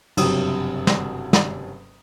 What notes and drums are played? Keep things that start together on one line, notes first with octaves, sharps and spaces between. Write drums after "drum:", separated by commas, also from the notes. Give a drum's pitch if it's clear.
F#1 G2 C3 F#3 D#6 E6, drum: cymbal
drum: snare
drum: snare